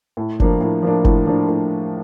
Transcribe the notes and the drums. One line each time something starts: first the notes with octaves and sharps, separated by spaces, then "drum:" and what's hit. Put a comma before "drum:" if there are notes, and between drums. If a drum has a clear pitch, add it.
A2
F3 A#3 D4, drum: kick F#1
A2
F3 A#3 D4
A2, drum: kick F#1
F3 A#3 D4
A2